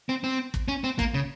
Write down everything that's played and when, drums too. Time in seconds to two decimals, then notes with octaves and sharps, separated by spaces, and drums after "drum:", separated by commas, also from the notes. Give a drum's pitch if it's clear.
0.09 C4
0.24 C4
0.54 drum: kick
0.68 C#4
0.84 C4
0.99 A#3, drum: kick
1.14 C#3